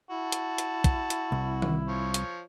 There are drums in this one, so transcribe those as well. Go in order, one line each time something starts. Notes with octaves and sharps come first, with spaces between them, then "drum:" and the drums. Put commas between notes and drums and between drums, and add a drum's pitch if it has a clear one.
E4 F#4 A5
drum: hi-hat
drum: hi-hat
drum: kick, hi-hat
drum: hi-hat
C2
drum: tom D#3
F3 C#5
drum: hi-hat